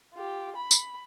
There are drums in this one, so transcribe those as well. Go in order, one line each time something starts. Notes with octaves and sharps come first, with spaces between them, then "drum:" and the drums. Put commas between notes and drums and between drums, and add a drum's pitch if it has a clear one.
F4 G4
B5
drum: tambourine